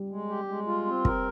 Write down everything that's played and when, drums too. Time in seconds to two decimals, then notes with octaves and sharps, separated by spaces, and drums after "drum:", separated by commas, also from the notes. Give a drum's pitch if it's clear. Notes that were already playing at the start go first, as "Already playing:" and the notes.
Already playing: G3
0.10 G#3
0.29 G4
0.48 G#3
0.67 F4
0.86 C4
1.05 A#4, drum: kick